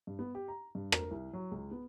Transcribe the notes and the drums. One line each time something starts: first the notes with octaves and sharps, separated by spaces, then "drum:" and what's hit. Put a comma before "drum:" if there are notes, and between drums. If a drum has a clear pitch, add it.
G2
B3
G4
A#5
G2
A#4, drum: rim click
C2
F#3
C#2
B3